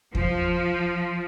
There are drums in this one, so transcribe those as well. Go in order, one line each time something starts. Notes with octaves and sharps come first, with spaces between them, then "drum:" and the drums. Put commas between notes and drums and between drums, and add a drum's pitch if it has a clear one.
F3, drum: kick E2